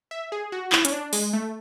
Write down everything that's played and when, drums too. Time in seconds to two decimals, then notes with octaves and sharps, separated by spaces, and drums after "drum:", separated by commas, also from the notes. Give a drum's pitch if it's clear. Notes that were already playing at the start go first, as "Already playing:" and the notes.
0.11 E5
0.32 G#4
0.52 F#4
0.72 E4, drum: clap
0.85 C#4, drum: hi-hat
0.92 D4
1.13 G#3, drum: open hi-hat
1.33 A3